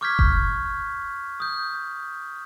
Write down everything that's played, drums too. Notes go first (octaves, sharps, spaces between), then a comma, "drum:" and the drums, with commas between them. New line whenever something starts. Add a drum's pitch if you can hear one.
C#6 D6 F6 G6 G#6 B6
drum: kick F1
D#6 G6